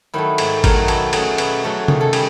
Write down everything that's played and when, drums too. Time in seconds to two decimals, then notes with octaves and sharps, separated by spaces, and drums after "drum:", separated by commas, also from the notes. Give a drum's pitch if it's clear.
0.14 D#3 F#3 A3 E4
0.38 G#2, drum: cymbal
0.64 D#3 F#3 A3 A#4, drum: kick G#1, cymbal
0.88 B2 A4, drum: cymbal
1.13 F#3 A3 C#4 G#4, drum: cymbal
1.38 B2, drum: cymbal
1.64 F#3 A3 C#4
1.88 D#3 G#4, drum: tom C3
2.01 A4
2.13 G3 G#4, drum: cymbal